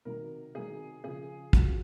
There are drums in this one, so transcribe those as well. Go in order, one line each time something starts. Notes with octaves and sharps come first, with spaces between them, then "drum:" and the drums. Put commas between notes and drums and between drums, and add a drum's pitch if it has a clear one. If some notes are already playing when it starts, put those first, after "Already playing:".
C3 D#3 F#3 A#4
C3 D#3 F#3 G#4
C#3 F3 G#4
C#3 F3 F#4, drum: kick